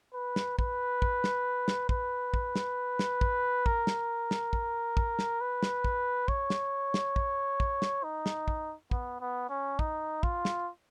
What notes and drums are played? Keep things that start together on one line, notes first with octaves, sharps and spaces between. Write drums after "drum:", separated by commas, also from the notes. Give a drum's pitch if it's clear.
B4
drum: snare
B4, drum: kick
drum: kick
drum: snare
drum: snare
B4, drum: kick
drum: kick
drum: snare
drum: snare
drum: kick
A#4, drum: kick
drum: snare
drum: snare
drum: kick
drum: kick
drum: snare
B4
drum: snare
drum: kick
C#5, drum: kick
drum: snare
drum: snare
drum: kick
drum: kick
drum: snare
D#4
drum: snare
drum: kick
B3, drum: kick
B3
C#4
D#4, drum: kick
F4, drum: kick
drum: snare